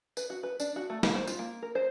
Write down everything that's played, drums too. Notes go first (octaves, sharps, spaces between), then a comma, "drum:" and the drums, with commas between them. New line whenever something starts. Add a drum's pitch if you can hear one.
B4, drum: tambourine
F#4
B4
D4, drum: tambourine
F#4
A3
A#3, drum: snare
C5
F4, drum: tambourine
A#3
A#4
C5